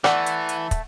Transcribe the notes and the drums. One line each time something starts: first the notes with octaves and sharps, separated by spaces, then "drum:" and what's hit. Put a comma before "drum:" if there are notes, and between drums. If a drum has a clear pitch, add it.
E3 A3 D5 F#5, drum: rim click
drum: hi-hat
drum: hi-hat
drum: kick, hi-hat